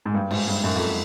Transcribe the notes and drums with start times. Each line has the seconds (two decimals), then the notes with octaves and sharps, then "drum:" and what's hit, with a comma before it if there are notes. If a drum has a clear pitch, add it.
0.06 G#2
0.14 G2
0.31 G#2, drum: cymbal
0.48 G2
0.64 F#2
0.76 F2